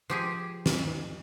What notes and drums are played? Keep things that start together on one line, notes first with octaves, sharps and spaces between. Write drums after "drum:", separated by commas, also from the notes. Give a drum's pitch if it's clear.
F3 G4 G#4
drum: snare